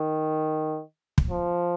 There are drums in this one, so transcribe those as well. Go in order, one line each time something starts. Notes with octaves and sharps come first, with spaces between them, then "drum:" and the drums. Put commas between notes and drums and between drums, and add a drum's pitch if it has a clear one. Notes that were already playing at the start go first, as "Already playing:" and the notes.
Already playing: D#3
drum: kick
F3